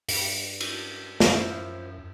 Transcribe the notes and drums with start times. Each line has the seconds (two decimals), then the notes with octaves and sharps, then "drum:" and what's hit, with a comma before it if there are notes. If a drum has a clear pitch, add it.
0.09 G2, drum: open hi-hat
0.61 drum: cymbal
1.20 F#2 D#3 F3 E4, drum: snare